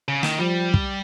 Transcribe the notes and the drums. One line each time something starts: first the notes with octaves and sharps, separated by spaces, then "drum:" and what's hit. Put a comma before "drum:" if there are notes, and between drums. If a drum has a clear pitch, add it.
C#3
D#3, drum: snare
F3 G3
drum: kick